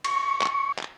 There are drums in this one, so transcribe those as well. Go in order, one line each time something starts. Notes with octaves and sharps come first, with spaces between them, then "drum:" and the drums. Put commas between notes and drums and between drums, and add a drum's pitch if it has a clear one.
C#6, drum: cymbal
drum: clap
drum: clap